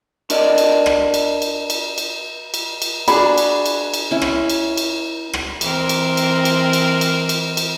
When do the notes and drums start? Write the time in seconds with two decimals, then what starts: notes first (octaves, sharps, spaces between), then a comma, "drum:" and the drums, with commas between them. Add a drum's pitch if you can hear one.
0.30 D4 F#4 A#4 D5 D#5, drum: cymbal
0.58 drum: cymbal
0.86 drum: rim click
1.14 drum: cymbal
1.42 drum: cymbal
1.70 drum: cymbal
1.98 drum: cymbal
2.54 drum: cymbal
2.82 drum: cymbal
3.08 D4 F#4 G#4 B5, drum: cymbal
3.38 drum: cymbal
3.66 drum: cymbal
3.94 drum: cymbal
4.11 C#4 E4
4.22 drum: rim click
4.49 drum: cymbal
4.77 drum: cymbal
5.33 drum: rim click
5.61 E3 C4 A#4, drum: cymbal
5.89 drum: cymbal
6.17 drum: cymbal
6.45 drum: cymbal
6.73 drum: cymbal
7.01 drum: cymbal
7.29 drum: cymbal
7.57 drum: cymbal